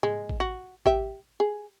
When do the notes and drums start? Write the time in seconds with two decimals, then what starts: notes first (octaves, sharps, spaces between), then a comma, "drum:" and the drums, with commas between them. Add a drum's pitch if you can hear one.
0.03 G#3, drum: tom G#2
0.29 drum: kick A1
0.40 F#4
0.86 G4 E5, drum: kick A1
1.40 G#4